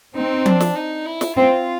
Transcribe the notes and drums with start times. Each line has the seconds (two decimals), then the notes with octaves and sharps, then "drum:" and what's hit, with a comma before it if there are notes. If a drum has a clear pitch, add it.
0.15 C4 D#4
0.46 D4, drum: tom F3
0.60 drum: snare
0.76 D#4
1.06 E4
1.21 drum: snare
1.36 C4 F4